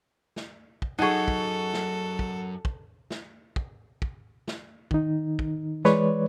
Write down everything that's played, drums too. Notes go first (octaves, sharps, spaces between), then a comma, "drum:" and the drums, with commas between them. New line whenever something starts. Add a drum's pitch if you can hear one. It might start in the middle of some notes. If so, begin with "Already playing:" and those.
drum: snare
drum: kick
F#2 F#3 D#4 G#4 A4 F#5 C#6
drum: kick
drum: snare
drum: kick
drum: kick
drum: snare
drum: kick
drum: kick
drum: snare
D#3 D#4, drum: kick
drum: kick
E3 G#3 B4 C#5 D5, drum: snare